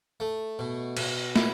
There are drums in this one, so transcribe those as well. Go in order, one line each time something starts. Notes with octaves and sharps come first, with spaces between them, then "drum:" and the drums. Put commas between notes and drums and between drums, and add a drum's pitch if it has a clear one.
A3
B2
B2, drum: cymbal
E4, drum: snare